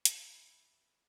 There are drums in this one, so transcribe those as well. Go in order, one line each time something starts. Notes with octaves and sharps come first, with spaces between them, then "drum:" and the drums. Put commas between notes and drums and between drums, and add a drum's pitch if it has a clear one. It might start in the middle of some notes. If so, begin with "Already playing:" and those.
E4 G#5 B5, drum: hi-hat